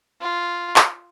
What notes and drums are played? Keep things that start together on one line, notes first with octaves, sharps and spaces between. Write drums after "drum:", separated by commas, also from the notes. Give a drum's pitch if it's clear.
F4
drum: clap